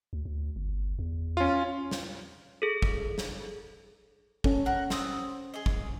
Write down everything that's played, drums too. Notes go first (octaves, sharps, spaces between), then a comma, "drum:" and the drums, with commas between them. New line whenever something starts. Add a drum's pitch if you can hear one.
D2
D2
G1
E2
C#4 F4
drum: snare
G#4 A4
drum: kick
drum: snare
C#4 A4, drum: kick
A#4 F#5
C4 D#6, drum: snare
G#4 D#5
drum: kick